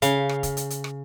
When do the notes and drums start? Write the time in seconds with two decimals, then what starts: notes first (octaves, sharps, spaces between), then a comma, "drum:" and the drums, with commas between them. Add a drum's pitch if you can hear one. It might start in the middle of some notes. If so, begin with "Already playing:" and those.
0.02 C#3 F5, drum: hi-hat
0.29 drum: rim click
0.43 drum: kick, hi-hat
0.57 drum: hi-hat
0.70 drum: hi-hat
0.84 drum: rim click